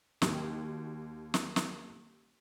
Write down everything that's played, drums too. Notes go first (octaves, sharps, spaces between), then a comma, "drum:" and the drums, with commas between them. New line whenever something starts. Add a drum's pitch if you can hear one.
D#2 F#4 G4, drum: snare
drum: snare
drum: snare